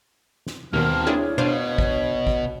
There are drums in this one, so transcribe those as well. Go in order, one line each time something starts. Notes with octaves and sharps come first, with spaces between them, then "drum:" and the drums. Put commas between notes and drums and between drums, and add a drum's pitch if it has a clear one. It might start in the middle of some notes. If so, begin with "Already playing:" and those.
drum: snare
D#2 B2 D#3 A#3 C4 A5 F6
D4 E4 G#4 C#5
B2 D4 C5 F5, drum: tom B2
drum: kick
drum: kick